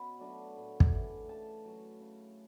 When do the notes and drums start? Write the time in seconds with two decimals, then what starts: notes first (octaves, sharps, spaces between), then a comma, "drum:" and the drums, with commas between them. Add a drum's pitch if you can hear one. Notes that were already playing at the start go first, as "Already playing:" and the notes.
Already playing: B2 C#4 F#5 B5
0.19 F#3 A3 D4
0.56 A2
0.80 drum: kick
0.92 E3 A3
1.29 C#3 A5
1.65 F#3 C#4
2.01 C#3